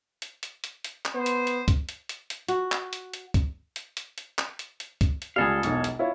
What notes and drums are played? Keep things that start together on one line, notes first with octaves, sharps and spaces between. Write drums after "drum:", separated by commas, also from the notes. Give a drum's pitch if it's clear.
drum: hi-hat
drum: hi-hat
drum: hi-hat
drum: hi-hat
drum: clap
B3 C5
drum: hi-hat
drum: hi-hat
drum: kick, hi-hat
drum: hi-hat
drum: hi-hat
drum: hi-hat
F#4, drum: hi-hat
drum: clap
drum: hi-hat
drum: hi-hat
drum: kick, hi-hat
drum: hi-hat
drum: hi-hat
drum: hi-hat
drum: clap
drum: hi-hat
drum: hi-hat
drum: kick, hi-hat
drum: hi-hat
C#2 G3 G#4 A4 F5
E1 B1, drum: hi-hat
drum: hi-hat
E4 F4 C#5